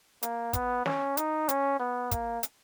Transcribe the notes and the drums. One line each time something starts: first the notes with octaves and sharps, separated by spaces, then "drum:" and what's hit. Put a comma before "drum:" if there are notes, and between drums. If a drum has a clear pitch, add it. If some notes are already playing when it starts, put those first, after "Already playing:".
A#3, drum: hi-hat
B3, drum: kick, hi-hat
C#4, drum: snare
D#4, drum: hi-hat
C#4, drum: hi-hat
B3
A#3, drum: kick, hi-hat
drum: hi-hat